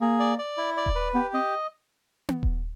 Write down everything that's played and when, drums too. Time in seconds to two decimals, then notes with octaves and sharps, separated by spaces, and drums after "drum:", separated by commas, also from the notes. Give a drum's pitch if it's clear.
0.01 A#3 G#4
0.20 D5
0.39 D5
0.57 E4
0.77 D5
0.86 drum: kick D#1
0.95 B4
1.14 B3 G4
1.33 C4 D#5
2.29 drum: tom B3
2.43 drum: kick D#1